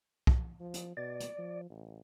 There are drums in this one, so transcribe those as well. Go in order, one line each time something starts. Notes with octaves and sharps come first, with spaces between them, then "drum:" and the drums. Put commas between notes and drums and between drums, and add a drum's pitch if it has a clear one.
drum: kick
F3
drum: hi-hat
B2 D5
drum: hi-hat
F3
A1